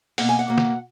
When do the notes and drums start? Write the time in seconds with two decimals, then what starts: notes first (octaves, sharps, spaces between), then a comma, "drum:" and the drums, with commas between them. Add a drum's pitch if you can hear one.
0.18 B2 A#3 F#5, drum: open hi-hat
0.29 G#5
0.39 F#5
0.48 B2 A#3
0.58 drum: snare